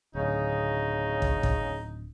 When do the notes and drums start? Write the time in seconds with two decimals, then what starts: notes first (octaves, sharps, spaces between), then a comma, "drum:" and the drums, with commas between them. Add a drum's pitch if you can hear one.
0.15 D1 C#3 D#4
1.22 drum: kick
1.43 drum: kick